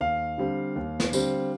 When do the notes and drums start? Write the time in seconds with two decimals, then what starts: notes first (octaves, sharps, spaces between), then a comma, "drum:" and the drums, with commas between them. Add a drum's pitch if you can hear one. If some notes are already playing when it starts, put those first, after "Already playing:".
0.01 D#2 F5
0.38 D3 G3 C4
0.76 D#2
1.00 drum: snare
1.13 D3 G3 C4, drum: tambourine